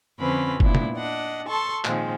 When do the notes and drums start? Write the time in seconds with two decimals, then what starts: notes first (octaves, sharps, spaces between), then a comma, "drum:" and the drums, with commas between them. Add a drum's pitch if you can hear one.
0.19 F2 D3 C4 C#4 B4 B5
0.60 A#2 B3 D4 E4, drum: kick F#1
0.75 drum: tom
0.96 D4 D#5 F#5
1.48 A4 A5 C6 C#6
1.85 A#2 D#3 F3 G#3 C4, drum: clap